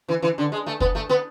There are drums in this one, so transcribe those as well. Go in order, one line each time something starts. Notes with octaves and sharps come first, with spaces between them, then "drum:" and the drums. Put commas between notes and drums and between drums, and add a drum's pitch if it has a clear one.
E3
E3
D3
G#3
A3
B3, drum: kick
A3
B3